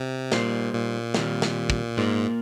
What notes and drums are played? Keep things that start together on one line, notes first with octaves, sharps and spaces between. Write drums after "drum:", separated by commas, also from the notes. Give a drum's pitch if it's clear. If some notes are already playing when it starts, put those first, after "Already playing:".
Already playing: C3
A#2 G3 A#3 D#4 G4 C5, drum: snare
A#2
D#3 G3 C4 G4 A#4, drum: snare
drum: snare
drum: kick
G#2 A#3 F4 A#4